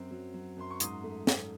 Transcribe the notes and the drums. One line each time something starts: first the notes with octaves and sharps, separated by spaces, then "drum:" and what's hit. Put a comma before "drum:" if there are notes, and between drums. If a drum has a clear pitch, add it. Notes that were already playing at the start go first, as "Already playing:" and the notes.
Already playing: F#2 C4
F#3
F#3
F#2 C6
C#6
G#2 C6 D#6, drum: hi-hat
A3
A3, drum: snare